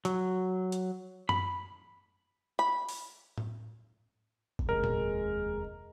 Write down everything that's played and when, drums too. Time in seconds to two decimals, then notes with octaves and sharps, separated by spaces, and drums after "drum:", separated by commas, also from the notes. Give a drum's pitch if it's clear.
0.05 F#3, drum: hi-hat
0.72 drum: hi-hat
1.29 B5, drum: tom F#2
2.59 B5
2.89 drum: open hi-hat
3.38 drum: tom A2
4.59 drum: kick G#1
4.69 F1 D#2 G#3 A#4
4.84 drum: tom A#2